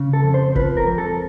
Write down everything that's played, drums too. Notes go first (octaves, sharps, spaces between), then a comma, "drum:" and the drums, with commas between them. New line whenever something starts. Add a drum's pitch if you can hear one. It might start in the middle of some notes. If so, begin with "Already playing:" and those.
Already playing: C#3
A4
F2
C5
F3 B4, drum: kick
A#4
F2
A4